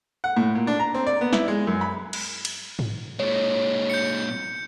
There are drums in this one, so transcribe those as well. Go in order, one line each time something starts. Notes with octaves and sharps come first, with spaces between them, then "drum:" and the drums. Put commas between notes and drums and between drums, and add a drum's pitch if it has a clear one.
F#5
A2
A#2
D4
A#5
C4
D5
B3
E4, drum: snare
G#3
F#2
B5
drum: cymbal
drum: cymbal
drum: tom G#2
A#2 G#3 C#5
G6 C#7